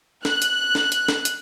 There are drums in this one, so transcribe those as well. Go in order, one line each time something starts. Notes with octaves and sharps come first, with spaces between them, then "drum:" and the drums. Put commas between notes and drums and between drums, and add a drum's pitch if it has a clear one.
F#6, drum: snare
drum: hi-hat
drum: snare
drum: hi-hat
drum: snare
drum: hi-hat